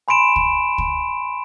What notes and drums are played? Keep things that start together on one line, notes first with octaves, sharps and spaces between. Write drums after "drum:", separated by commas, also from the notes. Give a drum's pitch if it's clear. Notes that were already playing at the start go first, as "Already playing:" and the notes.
G#5 B5 C6 D7 E7
drum: kick
drum: kick